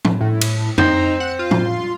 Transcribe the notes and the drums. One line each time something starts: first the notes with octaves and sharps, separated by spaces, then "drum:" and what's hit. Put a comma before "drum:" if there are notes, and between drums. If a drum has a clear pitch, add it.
drum: tom
A2
drum: cymbal
C4 D#4, drum: tom F2
F#5
F4
drum: tom